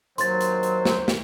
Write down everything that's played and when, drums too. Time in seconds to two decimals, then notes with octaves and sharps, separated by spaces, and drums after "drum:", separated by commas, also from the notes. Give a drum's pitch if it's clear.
0.18 D#2 F#3 C5 C6 A6, drum: hi-hat
0.41 drum: hi-hat
0.63 drum: hi-hat
0.85 drum: snare
1.08 drum: snare